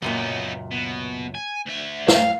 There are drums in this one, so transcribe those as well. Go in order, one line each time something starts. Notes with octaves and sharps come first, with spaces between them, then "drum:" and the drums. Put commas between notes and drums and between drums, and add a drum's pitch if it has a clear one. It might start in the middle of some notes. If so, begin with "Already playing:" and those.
C#2 F#2 A#2 B3 D#4
B2
G#5
D2 E5
F#2 F5 G5, drum: snare